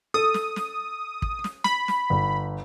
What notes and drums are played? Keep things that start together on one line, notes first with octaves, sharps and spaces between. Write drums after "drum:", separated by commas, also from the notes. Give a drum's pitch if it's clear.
A4 D#6
drum: snare
drum: snare
drum: kick
drum: snare
B5, drum: snare
drum: snare
G1